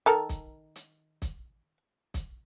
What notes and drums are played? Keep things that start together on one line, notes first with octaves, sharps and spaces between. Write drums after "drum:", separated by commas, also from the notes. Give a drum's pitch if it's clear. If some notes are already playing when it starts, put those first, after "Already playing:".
D#3 A4 A#4
drum: kick, hi-hat
drum: hi-hat
drum: kick, hi-hat
drum: kick, hi-hat